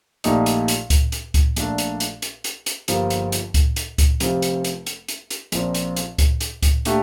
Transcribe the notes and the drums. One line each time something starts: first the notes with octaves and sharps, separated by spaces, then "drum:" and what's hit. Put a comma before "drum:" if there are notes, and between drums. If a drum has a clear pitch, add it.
A#1 A#2 A3 D#4 G4, drum: hi-hat
drum: hi-hat
drum: hi-hat
drum: kick C#2, hi-hat
drum: hi-hat
drum: kick C#2, hi-hat
A#1 A#2 A3 D4, drum: hi-hat
drum: hi-hat
drum: hi-hat
drum: hi-hat
drum: hi-hat
drum: hi-hat
G1 G2 F3 A#3, drum: hi-hat
drum: hi-hat
drum: hi-hat
drum: kick C#2, hi-hat
drum: hi-hat
drum: kick C#2, hi-hat
F1 F2 C3 F3, drum: hi-hat
drum: hi-hat
drum: hi-hat
drum: hi-hat
drum: hi-hat
drum: hi-hat
A#1 A#2 F3 C4, drum: hi-hat
drum: hi-hat
drum: hi-hat
drum: kick C#2, hi-hat
drum: hi-hat
drum: kick C#2, hi-hat
A#2 A3 D4 G4, drum: hi-hat